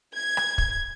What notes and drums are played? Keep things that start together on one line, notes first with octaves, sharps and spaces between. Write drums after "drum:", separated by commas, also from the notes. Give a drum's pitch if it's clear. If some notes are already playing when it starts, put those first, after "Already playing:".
G#6
drum: rim click
drum: kick